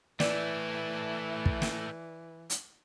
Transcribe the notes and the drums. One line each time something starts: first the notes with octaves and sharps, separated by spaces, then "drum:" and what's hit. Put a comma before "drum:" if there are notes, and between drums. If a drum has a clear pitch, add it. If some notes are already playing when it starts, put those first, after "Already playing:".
E3 A3 E4 D5, drum: snare
drum: kick
drum: snare
drum: hi-hat